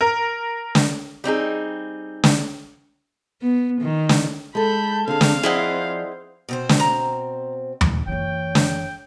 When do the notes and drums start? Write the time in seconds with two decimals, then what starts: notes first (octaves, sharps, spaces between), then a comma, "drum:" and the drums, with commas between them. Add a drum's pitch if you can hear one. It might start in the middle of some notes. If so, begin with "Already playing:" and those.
0.01 A#4
0.75 drum: snare
1.24 G3 C4 D#4 G#4
2.24 drum: snare
3.41 B3
3.81 D#3
4.09 drum: snare
4.55 G#3 A4 A5 B5 G6
5.08 D3 C4 G#4 F5
5.21 drum: snare
5.43 F3 E4 G#4 C5 D5 D#5 F#5
6.49 B2 C4 C5
6.69 drum: snare
6.80 A#5
7.81 drum: tom D#2
8.08 F#1 E3 C#5 G5
8.55 drum: snare